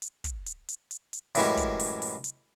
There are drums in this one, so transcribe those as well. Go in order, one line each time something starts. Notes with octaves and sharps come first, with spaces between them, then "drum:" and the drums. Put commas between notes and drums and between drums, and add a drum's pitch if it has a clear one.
drum: hi-hat
drum: kick, hi-hat
drum: hi-hat
drum: hi-hat
drum: hi-hat
drum: hi-hat
F#2 A2 E3 G3 G#3 C#4, drum: open hi-hat
drum: kick, hi-hat
drum: open hi-hat
drum: open hi-hat
drum: hi-hat